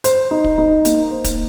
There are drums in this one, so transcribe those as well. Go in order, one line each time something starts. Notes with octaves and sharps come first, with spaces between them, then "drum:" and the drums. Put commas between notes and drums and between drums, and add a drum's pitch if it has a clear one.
C5, drum: hi-hat
D#4
drum: kick
D#4
A#3, drum: hi-hat
C5
drum: kick, hi-hat